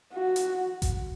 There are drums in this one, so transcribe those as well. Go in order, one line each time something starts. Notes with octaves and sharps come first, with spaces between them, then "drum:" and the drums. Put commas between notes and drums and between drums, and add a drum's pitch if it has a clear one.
F#4
drum: hi-hat
drum: kick G#1, hi-hat